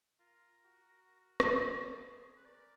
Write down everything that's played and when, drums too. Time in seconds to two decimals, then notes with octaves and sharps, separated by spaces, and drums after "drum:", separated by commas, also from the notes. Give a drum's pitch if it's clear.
0.20 F4 A#4
0.65 F#4
1.40 drum: rim click
2.00 G#4
2.37 B4
2.45 A#4 D5